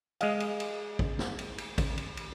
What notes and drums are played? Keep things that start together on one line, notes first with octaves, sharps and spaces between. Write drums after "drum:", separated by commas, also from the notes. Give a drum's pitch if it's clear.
G#3 D#5 F5, drum: cymbal
drum: cymbal
drum: cymbal
drum: kick
drum: snare
drum: cymbal
drum: cymbal
drum: kick, cymbal
drum: cymbal
drum: cymbal